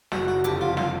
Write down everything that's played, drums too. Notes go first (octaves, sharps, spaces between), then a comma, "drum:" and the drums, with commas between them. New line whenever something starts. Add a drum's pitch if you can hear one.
F#1 F#4, drum: snare
F#4
F2 D3 F3 G4, drum: hi-hat
F4
F4, drum: snare